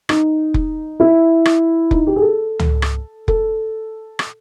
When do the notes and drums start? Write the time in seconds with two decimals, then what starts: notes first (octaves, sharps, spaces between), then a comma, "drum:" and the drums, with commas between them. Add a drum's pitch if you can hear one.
0.09 D#4, drum: rim click
0.54 drum: kick F1
1.00 E4
1.45 drum: rim click
1.91 D#4, drum: kick F1
2.07 G4
2.16 G#4
2.21 A4
2.59 drum: tom C#2
2.82 drum: rim click
3.28 A4, drum: kick F1
4.19 drum: rim click